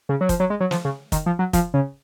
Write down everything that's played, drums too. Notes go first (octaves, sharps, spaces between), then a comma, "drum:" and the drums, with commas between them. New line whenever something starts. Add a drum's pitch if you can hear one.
C#3
F#3
F3, drum: kick, hi-hat
F#3
G#3
F#3
F3, drum: snare
C#3
D#3, drum: kick, hi-hat
F3
F#3
F3, drum: kick, hi-hat
C#3